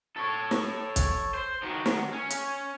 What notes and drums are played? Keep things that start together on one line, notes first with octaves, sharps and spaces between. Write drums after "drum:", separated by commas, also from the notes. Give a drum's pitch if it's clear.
A4 C#5
drum: snare
drum: kick, hi-hat
C5
D#3 F#4
drum: snare
C#4
drum: hi-hat